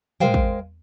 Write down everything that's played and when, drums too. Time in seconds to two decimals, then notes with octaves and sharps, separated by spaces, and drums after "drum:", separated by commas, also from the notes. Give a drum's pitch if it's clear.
0.20 G#3 A#4 C5 F5 G5, drum: tom
0.34 drum: kick